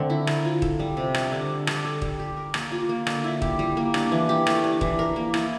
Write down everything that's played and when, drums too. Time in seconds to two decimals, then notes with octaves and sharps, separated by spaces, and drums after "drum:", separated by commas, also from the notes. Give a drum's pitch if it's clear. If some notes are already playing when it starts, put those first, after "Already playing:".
Already playing: D3 A3 C4
0.10 E4
0.27 A#4, drum: rim click
0.45 F4
0.62 A4, drum: kick
0.80 G3
0.97 C3
1.14 D4, drum: rim click
1.32 D3
1.49 D4
1.67 G3, drum: rim click
1.84 A4
2.02 G3, drum: kick
2.19 G4
2.37 A#4
2.54 A#3, drum: rim click
2.72 F4
2.89 A#3
3.07 D3, drum: rim click
3.24 E4
3.42 G4, drum: kick
3.59 G3
3.77 A#3
3.94 D4, drum: rim click
4.12 E3
4.29 G4
4.47 A3, drum: rim click
4.64 D4
4.81 E3, drum: kick
4.99 A#4
5.16 A#3
5.34 E4, drum: rim click